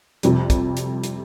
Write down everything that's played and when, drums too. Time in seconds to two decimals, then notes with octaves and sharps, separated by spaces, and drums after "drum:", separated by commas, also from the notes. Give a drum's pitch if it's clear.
0.23 F2 C3 G3, drum: hi-hat
0.50 drum: kick, hi-hat
0.77 drum: hi-hat
1.03 drum: hi-hat